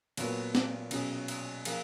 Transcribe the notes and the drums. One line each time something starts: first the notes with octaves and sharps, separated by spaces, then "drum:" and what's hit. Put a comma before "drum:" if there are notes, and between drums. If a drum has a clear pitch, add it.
A#2 F#3 B3 F#4 A#4, drum: cymbal
drum: snare
B2 F#3 C#4 G#4, drum: cymbal
drum: cymbal
F3 A#3 F4 G#4, drum: cymbal